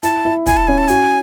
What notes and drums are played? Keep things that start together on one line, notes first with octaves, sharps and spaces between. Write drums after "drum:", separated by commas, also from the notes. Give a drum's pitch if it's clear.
E4 A5, drum: hi-hat
E4
E4 G#5, drum: kick, hi-hat
A5
C#4 G#5
A5
F#4 G#5, drum: hi-hat